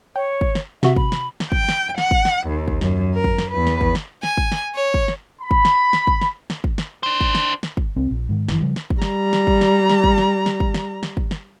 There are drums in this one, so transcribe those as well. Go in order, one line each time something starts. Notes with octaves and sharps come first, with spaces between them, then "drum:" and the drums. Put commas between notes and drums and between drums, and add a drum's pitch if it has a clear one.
C#5 G5
drum: kick
drum: snare
C3 F#4 E5, drum: snare
B5, drum: kick
drum: snare
drum: snare
G5, drum: kick
drum: snare
F#5, drum: snare
drum: kick
drum: snare
D#2
drum: kick
F#2, drum: snare
A#4
drum: kick
drum: snare
E2 B4
drum: snare
drum: kick
drum: snare
G#5, drum: snare
drum: kick
drum: snare
C#5
drum: kick
drum: snare
B5
drum: kick
drum: snare
drum: snare
drum: kick
drum: snare
drum: snare
drum: kick
drum: snare
D4 C5
drum: kick
drum: snare
drum: snare
drum: kick
C2 C4
A#1
G#2 D#3
F#1 F#2 D#3 E3, drum: snare
C#3 F3 G3
drum: snare
drum: kick
G3 A#5, drum: snare
drum: snare
drum: kick
drum: snare
drum: snare
drum: kick
drum: snare
drum: snare
drum: kick
drum: snare
drum: snare
drum: kick
drum: snare